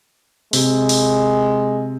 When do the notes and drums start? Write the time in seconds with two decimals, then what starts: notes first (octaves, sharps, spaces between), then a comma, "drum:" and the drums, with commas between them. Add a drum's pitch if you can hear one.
0.53 C3 G#3, drum: open hi-hat
0.89 drum: open hi-hat